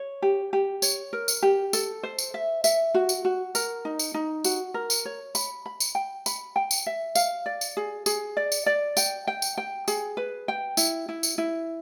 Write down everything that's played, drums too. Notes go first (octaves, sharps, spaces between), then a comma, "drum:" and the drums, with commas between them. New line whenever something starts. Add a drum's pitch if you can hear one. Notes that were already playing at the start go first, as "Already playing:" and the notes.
Already playing: C#5
G4
G4
C#5, drum: tambourine
A#4
drum: tambourine
G4
A4, drum: tambourine
C5
drum: tambourine
E5
E5, drum: tambourine
F#4
drum: tambourine
F#4
A#4, drum: tambourine
D#4
drum: tambourine
D#4
F#4, drum: tambourine
A#4
drum: tambourine
C#5
B5, drum: tambourine
B5
drum: tambourine
G5
B5, drum: tambourine
G5
drum: tambourine
E5
F5, drum: tambourine
D5
drum: tambourine
G#4
G#4, drum: tambourine
D5
drum: tambourine
D5
G5, drum: tambourine
G5
drum: tambourine
G5
G#4, drum: tambourine
B4
G5
E4, drum: tambourine
E4
drum: tambourine
E4